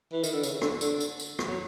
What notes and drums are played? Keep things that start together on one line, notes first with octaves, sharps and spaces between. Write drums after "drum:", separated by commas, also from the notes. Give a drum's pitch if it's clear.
E3
D#3, drum: tambourine
D3
C#3, drum: tambourine
D3, drum: rim click
D3, drum: tambourine
drum: tambourine
drum: tambourine
drum: rim click
F#3